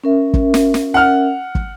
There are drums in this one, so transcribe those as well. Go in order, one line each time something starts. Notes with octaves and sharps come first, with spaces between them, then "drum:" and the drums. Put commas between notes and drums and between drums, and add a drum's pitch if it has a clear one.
C#4 A#4 E5
drum: kick
drum: snare
drum: snare
F#5 F6
drum: kick